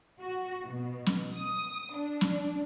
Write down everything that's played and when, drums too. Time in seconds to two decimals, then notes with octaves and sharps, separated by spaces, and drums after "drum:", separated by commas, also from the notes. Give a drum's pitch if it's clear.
0.20 F#4
0.72 B2
1.06 drum: snare
1.37 D#6
1.95 D4
2.21 drum: snare